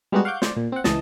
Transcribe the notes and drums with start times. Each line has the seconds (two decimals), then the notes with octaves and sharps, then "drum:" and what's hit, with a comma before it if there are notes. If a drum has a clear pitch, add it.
0.12 G3 G#3 B3 D#4 F#4
0.25 F5 F#5 C#6 D6 G6
0.42 C5 D5, drum: snare
0.57 A#2
0.72 C4 F#5
0.84 C#2 E3 D#5 A5, drum: snare